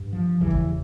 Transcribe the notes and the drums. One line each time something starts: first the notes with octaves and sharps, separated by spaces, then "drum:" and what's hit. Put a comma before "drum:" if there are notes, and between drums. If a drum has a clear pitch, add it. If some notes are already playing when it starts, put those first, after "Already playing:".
Already playing: G2
F3
E2 C#3 E3 G3
drum: kick